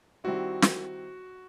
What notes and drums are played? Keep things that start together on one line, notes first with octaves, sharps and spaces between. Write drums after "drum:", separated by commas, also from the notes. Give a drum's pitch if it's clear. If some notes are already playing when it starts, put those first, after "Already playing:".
D#3 G3 C4 E4 F#4
drum: snare